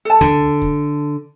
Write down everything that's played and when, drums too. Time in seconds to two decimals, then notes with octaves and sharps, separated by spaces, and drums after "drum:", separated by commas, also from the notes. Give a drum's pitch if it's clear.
0.05 A4 A5
0.21 D3, drum: tom D2
0.62 drum: kick